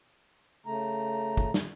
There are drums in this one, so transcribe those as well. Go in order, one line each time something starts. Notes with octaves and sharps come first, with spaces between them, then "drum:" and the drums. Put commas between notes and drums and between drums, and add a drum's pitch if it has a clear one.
C#3 A3 A#5
drum: kick
drum: snare